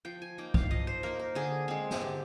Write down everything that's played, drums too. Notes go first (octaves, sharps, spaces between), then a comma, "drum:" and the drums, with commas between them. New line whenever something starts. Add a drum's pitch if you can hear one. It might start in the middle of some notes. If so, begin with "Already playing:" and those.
F3 G5
G#5
A#3 D#4 G5
F5, drum: kick C2
F3 D#5
C5
A#3 D#4 A#4
A#4
D3 G#4
G#3 C4
drum: snare
D3 G4